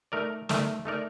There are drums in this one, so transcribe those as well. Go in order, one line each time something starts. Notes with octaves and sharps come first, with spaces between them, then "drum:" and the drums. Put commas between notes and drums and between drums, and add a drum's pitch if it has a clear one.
A3 D#4 A#4 D5
A3 D#4 A#4 D5, drum: snare
A3 D#4 A#4 D5